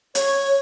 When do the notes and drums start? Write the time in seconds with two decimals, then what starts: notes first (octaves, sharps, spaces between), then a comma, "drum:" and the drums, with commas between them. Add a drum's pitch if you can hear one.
0.15 C#5, drum: hi-hat